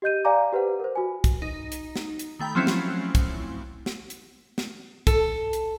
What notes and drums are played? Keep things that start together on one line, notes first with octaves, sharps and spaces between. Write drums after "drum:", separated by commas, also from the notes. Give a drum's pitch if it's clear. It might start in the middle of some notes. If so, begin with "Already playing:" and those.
G4 D#5 G6 D#7
D5 F5 G#5 A#5 D6
G4 B4 C5 F#5
A#4 C5
F#4 G#5
drum: kick, hi-hat
D#4
drum: hi-hat
drum: snare
drum: hi-hat
D#3 A3 G5 B5
F3 F#3 A3 C4 C#4 E4
drum: snare
drum: kick, hi-hat
drum: snare
drum: hi-hat
drum: snare
A4, drum: kick, hi-hat
drum: hi-hat